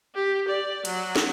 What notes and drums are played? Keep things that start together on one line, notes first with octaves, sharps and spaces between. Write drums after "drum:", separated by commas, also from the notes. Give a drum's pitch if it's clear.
G4
D5
F#3, drum: cymbal
drum: snare